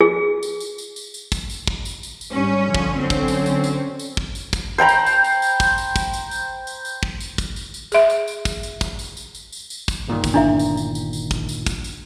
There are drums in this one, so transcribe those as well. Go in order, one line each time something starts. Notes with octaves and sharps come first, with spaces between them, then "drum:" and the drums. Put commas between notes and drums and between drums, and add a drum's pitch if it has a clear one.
G#4
drum: tambourine
drum: tambourine
drum: tambourine
drum: tambourine
drum: tambourine
drum: kick, tambourine
drum: tambourine
drum: kick
drum: tambourine
drum: tambourine
drum: tambourine
G#1 G3 C#4
D3 F3
drum: kick
D3 F#3 C4 C#4
drum: kick, tambourine
drum: tambourine
drum: tambourine
drum: tambourine
drum: tambourine
drum: kick
drum: tambourine
drum: kick, tambourine
C5 G5 A#5 B5
drum: tambourine
drum: tambourine
drum: tambourine
drum: tambourine
drum: kick, tambourine
drum: tambourine
drum: kick, tambourine
drum: tambourine
drum: tambourine
drum: tambourine
drum: tambourine
drum: kick
drum: tambourine
drum: kick, tambourine
drum: tambourine
drum: tambourine
G#4 E5, drum: tambourine
drum: tambourine
drum: tambourine
drum: kick, tambourine
drum: tambourine
drum: kick, tambourine
drum: tambourine
drum: tambourine
drum: tambourine
drum: tambourine
drum: tambourine
drum: kick, tambourine
G1 A#2 D#3
drum: kick, tambourine
D4 E4 E5
drum: tambourine
drum: tambourine
drum: tambourine
drum: tambourine
drum: kick, tambourine
drum: tambourine
drum: kick, tambourine
drum: tambourine